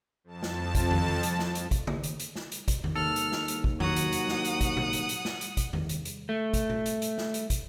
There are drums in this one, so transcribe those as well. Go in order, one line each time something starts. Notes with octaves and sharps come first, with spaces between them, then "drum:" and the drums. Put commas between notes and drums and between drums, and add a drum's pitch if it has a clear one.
F2 A5
drum: snare
drum: kick, hi-hat
drum: tom E2
drum: hi-hat
drum: snare
drum: hi-hat
drum: kick, hi-hat
drum: tom C#3
drum: hi-hat
drum: hi-hat
drum: snare
drum: hi-hat
drum: kick, hi-hat
drum: tom E2
D#2 A4 F6
drum: hi-hat
drum: snare
drum: hi-hat
drum: kick
F#3 F#4 F#5 D#6, drum: tom E2
drum: hi-hat
drum: hi-hat
drum: snare
drum: hi-hat
drum: kick, hi-hat
drum: tom A#2
drum: hi-hat
drum: hi-hat
drum: snare
drum: hi-hat
drum: kick, hi-hat
drum: tom E2
drum: hi-hat
drum: hi-hat
A3
drum: kick, hi-hat
drum: tom A#2
drum: hi-hat
drum: hi-hat
drum: snare
drum: hi-hat
drum: kick, hi-hat